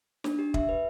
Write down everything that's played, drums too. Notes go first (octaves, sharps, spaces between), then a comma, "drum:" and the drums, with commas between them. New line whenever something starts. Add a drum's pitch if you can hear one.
D4, drum: snare
G4
E5, drum: kick
B4